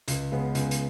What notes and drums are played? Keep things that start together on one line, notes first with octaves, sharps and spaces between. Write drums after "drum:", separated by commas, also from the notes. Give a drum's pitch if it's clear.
C#2, drum: hi-hat
C#3 G#3 B3
C#2, drum: hi-hat
drum: hi-hat